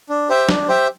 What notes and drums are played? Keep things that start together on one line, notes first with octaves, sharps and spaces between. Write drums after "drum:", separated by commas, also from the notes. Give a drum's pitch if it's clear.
D4
G4 C5 E5 G5
D4, drum: snare
G4 C5 E5 G5